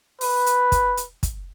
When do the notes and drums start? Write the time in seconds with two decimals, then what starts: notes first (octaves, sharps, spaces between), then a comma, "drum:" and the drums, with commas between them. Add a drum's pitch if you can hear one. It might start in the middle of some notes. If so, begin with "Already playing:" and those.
0.21 B4, drum: open hi-hat
0.46 drum: hi-hat
0.72 drum: kick, hi-hat
0.97 drum: hi-hat
1.23 drum: kick, hi-hat